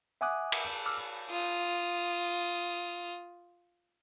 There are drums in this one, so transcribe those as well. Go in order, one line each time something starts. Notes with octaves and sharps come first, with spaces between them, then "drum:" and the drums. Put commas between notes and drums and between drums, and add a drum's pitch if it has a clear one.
E5 F#5 G#5 D6 D#6 F#6
drum: cymbal
D6 E6 F6
F4 D#6